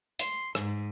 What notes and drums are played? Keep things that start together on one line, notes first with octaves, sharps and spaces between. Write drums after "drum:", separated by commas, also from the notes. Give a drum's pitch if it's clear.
C6, drum: hi-hat
G#2, drum: rim click